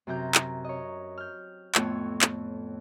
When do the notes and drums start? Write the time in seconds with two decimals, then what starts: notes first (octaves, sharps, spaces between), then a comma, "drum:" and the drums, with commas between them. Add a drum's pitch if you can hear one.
0.07 F#2 C3 A#5 G6
0.35 drum: clap
0.64 C#5 D#5
1.18 F6 G6
1.75 F2 A2 B3 C#5, drum: clap
2.22 drum: clap